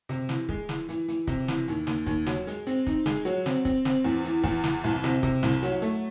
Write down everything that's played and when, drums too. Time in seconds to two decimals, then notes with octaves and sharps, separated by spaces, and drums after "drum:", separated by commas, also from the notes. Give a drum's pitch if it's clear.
0.09 C3, drum: hi-hat
0.29 E3, drum: snare
0.49 G#3, drum: kick
0.69 E3, drum: snare
0.89 E3, drum: hi-hat
1.08 E3, drum: hi-hat
1.27 C3, drum: kick, hi-hat
1.48 E3, drum: snare
1.68 D#2, drum: hi-hat
1.87 D#2, drum: snare
2.06 D#2, drum: kick, hi-hat
2.26 F#3, drum: snare
2.47 G#3, drum: hi-hat
2.67 C4, drum: hi-hat
2.87 D#4, drum: kick, hi-hat
3.06 G#3, drum: snare
3.25 F#3, drum: hi-hat
3.46 C4, drum: snare
3.65 C4, drum: kick, hi-hat
3.85 C4, drum: snare
4.04 E2, drum: hi-hat
4.24 E3, drum: hi-hat
4.44 E2, drum: kick, hi-hat
4.64 E3, drum: snare
4.84 C2, drum: hi-hat
5.04 C3, drum: snare
5.23 C3, drum: kick, hi-hat
5.43 C2, drum: snare
5.63 F#3, drum: hi-hat
5.82 A3, drum: hi-hat